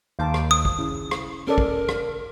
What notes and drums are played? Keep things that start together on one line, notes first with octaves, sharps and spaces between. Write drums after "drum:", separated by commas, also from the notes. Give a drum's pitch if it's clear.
D#2 C5 F5 A5 D6
drum: rim click
D#6
drum: kick
C#3 E4
drum: rim click
C#4 A4 A#4 D5
drum: kick
drum: rim click